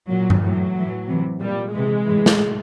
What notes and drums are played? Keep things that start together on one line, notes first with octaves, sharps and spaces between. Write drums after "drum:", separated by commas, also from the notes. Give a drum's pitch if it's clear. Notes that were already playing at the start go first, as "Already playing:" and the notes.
A#2 F#3
drum: tom G2
A2 E3 F#3
A2 E3
C3 E3
A#2 G3
C3 E3 G#3
A2 E3
drum: snare